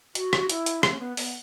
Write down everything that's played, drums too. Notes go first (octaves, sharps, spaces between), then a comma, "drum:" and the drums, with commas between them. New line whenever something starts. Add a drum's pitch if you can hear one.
F#4, drum: hi-hat
drum: rim click
E4, drum: hi-hat
drum: hi-hat
A3, drum: rim click
C#4
B3
B3, drum: open hi-hat